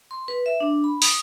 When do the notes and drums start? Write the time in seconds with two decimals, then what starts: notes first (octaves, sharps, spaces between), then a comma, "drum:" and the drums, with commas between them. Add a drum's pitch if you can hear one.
0.11 C6
0.28 B4
0.46 E5
0.60 D4
0.84 B5
1.02 D#6, drum: open hi-hat